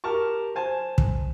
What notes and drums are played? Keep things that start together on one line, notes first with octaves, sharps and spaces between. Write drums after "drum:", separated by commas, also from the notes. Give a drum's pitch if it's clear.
G4 A#4 A5 C#6
C5 G#5 A5
drum: kick